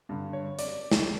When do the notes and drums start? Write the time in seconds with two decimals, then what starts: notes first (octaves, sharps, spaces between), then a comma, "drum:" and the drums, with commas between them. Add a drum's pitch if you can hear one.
0.09 G2 D3
0.33 C#5
0.59 D5, drum: hi-hat
0.91 drum: snare